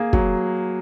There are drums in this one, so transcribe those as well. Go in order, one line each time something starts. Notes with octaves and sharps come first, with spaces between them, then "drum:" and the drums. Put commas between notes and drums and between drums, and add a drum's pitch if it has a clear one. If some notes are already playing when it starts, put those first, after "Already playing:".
Already playing: A#3 G#4
F#3, drum: kick